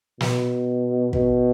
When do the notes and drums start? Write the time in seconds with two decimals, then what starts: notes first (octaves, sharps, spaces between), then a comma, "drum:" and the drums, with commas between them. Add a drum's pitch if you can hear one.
0.21 B2, drum: snare
1.13 B2, drum: kick